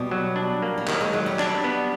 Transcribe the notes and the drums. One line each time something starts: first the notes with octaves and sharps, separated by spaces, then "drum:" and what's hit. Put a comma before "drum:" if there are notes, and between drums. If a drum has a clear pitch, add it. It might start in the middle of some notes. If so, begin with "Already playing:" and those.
Already playing: B2 G3
F#3
D4
A#3
F#3
D#3 G3, drum: clap
G#3
F#3 G#3
G3
D4, drum: clap
B3